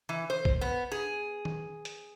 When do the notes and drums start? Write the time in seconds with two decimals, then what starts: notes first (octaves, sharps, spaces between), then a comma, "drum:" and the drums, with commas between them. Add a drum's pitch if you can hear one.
0.09 E3
0.30 C5
0.45 drum: kick A#1
0.61 B3
0.91 G#4
1.45 drum: tom D#3
1.85 drum: hi-hat